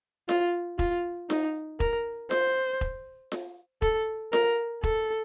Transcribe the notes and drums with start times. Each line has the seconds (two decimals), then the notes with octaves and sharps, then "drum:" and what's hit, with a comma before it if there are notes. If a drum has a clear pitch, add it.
0.29 F4, drum: snare F4
0.79 F4, drum: kick E1
1.30 D#4, drum: snare F4
1.80 A#4, drum: kick E1
2.31 C5, drum: snare F4
2.81 drum: kick E1
3.32 drum: snare F4
3.82 A4, drum: kick E1
4.33 A#4, drum: snare F4
4.83 A4, drum: kick E1